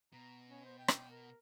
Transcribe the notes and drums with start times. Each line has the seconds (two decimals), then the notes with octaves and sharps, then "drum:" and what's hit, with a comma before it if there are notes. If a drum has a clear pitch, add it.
0.13 B2 A#5
0.48 C#4
0.65 C5
0.78 G5
0.88 drum: rim click
1.10 A#4